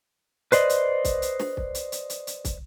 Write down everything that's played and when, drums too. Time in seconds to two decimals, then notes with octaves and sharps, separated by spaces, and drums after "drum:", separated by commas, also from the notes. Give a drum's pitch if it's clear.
0.52 B4 C5 D5 D#5, drum: hi-hat
0.70 drum: hi-hat
1.05 drum: kick, hi-hat
1.22 drum: hi-hat
1.40 drum: snare
1.57 drum: kick
1.75 drum: hi-hat
1.92 drum: hi-hat
2.10 drum: hi-hat
2.27 drum: hi-hat
2.45 drum: kick, hi-hat